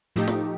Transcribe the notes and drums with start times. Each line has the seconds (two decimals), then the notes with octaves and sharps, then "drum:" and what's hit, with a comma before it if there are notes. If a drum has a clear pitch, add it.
0.16 A2 F3 A3 D#4 G4
0.28 drum: snare